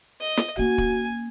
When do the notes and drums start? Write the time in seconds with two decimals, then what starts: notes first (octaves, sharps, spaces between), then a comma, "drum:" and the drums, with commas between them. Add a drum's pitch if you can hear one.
0.20 D#5
0.37 drum: snare
0.58 A#3 C#4 F#4 G#5
0.78 drum: kick